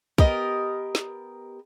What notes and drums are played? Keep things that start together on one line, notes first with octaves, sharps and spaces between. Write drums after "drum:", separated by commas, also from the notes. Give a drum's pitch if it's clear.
B3 G4 A#4 D#5, drum: kick
drum: snare